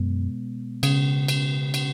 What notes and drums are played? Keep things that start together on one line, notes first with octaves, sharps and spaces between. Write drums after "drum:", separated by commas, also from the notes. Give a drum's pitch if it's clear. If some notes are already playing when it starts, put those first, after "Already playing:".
Already playing: F#2 B2 G#3 B3
C#3, drum: cymbal
drum: cymbal
drum: cymbal